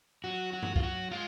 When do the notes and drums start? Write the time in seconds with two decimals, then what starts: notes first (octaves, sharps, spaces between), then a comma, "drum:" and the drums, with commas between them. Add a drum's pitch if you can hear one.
0.24 F#3 F#4
0.53 F#4
0.63 drum: tom G2
0.76 F4, drum: kick
0.83 F#4
1.11 G#3 F4